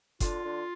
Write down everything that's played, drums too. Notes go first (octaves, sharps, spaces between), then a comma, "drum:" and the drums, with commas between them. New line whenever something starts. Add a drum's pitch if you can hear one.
D3 F4, drum: kick F#1, hi-hat
D3